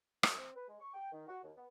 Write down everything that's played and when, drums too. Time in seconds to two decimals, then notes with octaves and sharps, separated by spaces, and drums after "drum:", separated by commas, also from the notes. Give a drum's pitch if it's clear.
0.23 F#2, drum: rim click
0.38 C4
0.55 B4
0.68 G#3
0.80 C#6
0.94 G5
1.12 D#3
1.28 F#4
1.43 D#2
1.56 B3